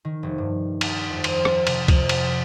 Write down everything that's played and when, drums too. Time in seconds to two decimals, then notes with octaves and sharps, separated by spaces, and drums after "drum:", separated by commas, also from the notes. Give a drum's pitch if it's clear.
0.05 D#3
0.23 F1
0.38 G2
0.81 drum: cymbal
1.10 F2
1.24 C5, drum: cymbal
1.45 drum: rim click
1.67 C3, drum: cymbal
1.88 F2, drum: kick C#2, cymbal
2.09 drum: cymbal